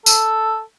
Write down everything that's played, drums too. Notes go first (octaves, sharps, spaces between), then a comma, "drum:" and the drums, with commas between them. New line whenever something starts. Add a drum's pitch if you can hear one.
A4, drum: tambourine